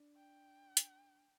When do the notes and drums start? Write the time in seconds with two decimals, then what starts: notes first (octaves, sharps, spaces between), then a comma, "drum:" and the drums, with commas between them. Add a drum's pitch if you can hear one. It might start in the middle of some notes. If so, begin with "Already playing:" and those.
Already playing: D4
0.16 G5
0.77 drum: hi-hat